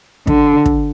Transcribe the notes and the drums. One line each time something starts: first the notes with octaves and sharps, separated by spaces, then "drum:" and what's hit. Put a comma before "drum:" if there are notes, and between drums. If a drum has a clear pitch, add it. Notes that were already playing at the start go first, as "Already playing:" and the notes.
D3, drum: kick
drum: kick